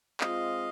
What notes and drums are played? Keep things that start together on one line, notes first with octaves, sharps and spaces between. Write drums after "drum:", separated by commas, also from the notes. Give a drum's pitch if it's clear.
G#3 C4 F4 D#5 F5, drum: clap